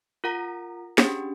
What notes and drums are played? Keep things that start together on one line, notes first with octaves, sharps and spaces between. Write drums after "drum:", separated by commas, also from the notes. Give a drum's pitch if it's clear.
F4 A#4 F#5 A#5 A#6
C#4 D4 G4 G#4, drum: snare